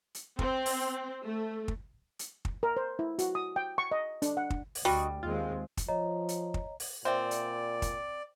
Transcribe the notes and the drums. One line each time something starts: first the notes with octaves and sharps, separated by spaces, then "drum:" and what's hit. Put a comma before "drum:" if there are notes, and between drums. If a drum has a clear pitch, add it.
drum: hi-hat
C4, drum: kick
drum: open hi-hat
A3
drum: kick
drum: hi-hat
drum: kick
A#4
C5
E4
F#4, drum: hi-hat
D#6
G5
C#6
D#5
D4, drum: hi-hat
F#5
D4, drum: kick
drum: open hi-hat
D2 G3 F#4 D#5 C#6
D#2 G#3 C4 F4
drum: kick, hi-hat
F3 C#5 D#5 A#5
drum: hi-hat
drum: kick
drum: open hi-hat
A#2 C4 C5 D5 E5 G5
drum: hi-hat
drum: kick, hi-hat